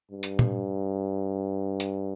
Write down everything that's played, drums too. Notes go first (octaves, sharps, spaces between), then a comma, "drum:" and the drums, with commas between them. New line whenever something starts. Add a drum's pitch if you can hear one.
G2
drum: hi-hat
drum: tom A#2
drum: hi-hat